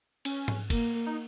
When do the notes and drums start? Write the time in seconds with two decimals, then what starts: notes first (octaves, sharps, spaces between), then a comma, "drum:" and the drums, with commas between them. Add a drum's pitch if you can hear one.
0.25 C#4, drum: cymbal
0.48 drum: tom G#2
0.70 A#3, drum: kick, cymbal
1.06 D#4